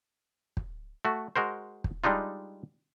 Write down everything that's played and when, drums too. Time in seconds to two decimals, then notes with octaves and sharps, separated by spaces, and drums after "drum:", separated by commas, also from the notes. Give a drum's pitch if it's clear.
0.57 drum: kick
1.05 A3 F#4
1.36 G#3 F#4 A#4 C5
1.84 drum: kick
2.04 G3 G#3 D4 D#4 F4